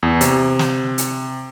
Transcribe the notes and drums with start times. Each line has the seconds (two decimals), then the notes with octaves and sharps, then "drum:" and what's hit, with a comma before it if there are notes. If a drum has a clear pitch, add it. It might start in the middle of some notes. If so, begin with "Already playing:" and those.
0.03 E2
0.21 C3, drum: hi-hat
0.59 drum: snare
0.98 drum: hi-hat